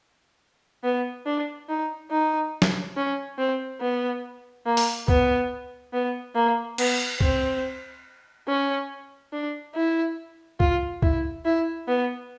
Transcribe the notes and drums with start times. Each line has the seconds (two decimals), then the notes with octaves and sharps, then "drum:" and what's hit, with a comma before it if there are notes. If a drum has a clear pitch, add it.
0.84 B3
1.26 D4
1.69 D#4
2.11 D#4
2.62 drum: snare
2.96 C#4
3.38 C4
3.81 B3
4.66 A#3
4.77 drum: open hi-hat
5.08 B3, drum: kick C#2
5.93 B3
6.35 A#3
6.78 B3, drum: cymbal
7.21 C4, drum: kick C#2
8.48 C#4
9.33 D4
9.75 E4
10.60 F4, drum: kick C#2
11.02 E4, drum: kick C#2
11.45 E4
11.87 B3